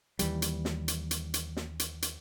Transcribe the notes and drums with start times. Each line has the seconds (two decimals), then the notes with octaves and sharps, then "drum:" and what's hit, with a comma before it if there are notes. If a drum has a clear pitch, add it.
0.19 D#2 E3 G3, drum: hi-hat
0.42 drum: hi-hat
0.65 drum: snare
0.88 drum: hi-hat
1.11 drum: hi-hat
1.34 drum: hi-hat
1.57 drum: snare
1.79 drum: hi-hat
2.02 drum: hi-hat